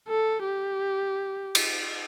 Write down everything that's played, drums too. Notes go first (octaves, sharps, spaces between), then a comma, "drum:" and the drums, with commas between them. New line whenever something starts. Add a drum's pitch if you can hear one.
A4
G4
drum: cymbal